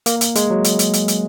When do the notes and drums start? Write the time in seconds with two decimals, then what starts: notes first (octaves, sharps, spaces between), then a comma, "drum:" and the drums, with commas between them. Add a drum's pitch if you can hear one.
0.06 A#3, drum: hi-hat
0.21 drum: hi-hat
0.36 G#3, drum: hi-hat
0.51 F#3
0.65 drum: hi-hat
0.79 drum: hi-hat
0.94 drum: hi-hat
1.08 drum: hi-hat